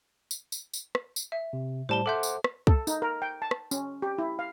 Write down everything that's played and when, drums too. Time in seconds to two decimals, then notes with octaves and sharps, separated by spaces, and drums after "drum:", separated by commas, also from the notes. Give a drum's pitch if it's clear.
0.31 drum: tambourine
0.52 drum: tambourine
0.74 drum: tambourine
0.95 drum: rim click
1.16 drum: tambourine
1.32 E5
1.53 C3
1.89 A2 G3 C5 A5 G7
2.06 A4 C5 E5 F#5 D6 G6
2.23 drum: tambourine
2.44 drum: rim click
2.67 A4, drum: kick
2.87 D#4, drum: tambourine
3.02 A#4
3.22 G5
3.42 A5
3.51 drum: rim click
3.71 C#4, drum: tambourine
4.02 G4
4.18 E4
4.39 F5